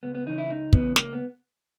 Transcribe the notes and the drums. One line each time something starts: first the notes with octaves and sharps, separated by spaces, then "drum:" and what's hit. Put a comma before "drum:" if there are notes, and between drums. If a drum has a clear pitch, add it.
C#2 B3
B3
C#3 E3 D#4
E4
C#2 D#4
C#3 E3 B3, drum: kick
C#2 A#3, drum: snare
B3